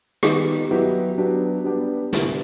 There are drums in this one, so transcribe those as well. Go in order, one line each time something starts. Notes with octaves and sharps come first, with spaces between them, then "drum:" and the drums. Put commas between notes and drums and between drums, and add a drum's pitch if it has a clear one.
D#3 G3 B3 D#4 G4, drum: rim click
F#3 B3 E4 G4
F#3 B3 D4 G4
G3 B3 D4 G4
D3 G3 B3 E4 G4, drum: snare